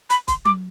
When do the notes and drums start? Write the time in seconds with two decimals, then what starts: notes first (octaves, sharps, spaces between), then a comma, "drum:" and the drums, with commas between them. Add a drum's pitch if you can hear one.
0.10 B5, drum: hi-hat
0.28 C6, drum: kick, hi-hat
0.45 D6, drum: tom F#3